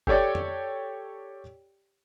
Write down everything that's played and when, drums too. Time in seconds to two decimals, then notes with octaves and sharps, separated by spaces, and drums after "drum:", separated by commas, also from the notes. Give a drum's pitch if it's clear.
0.07 G4 A4 C#5 D5 G5, drum: kick F#1
0.35 drum: tom F2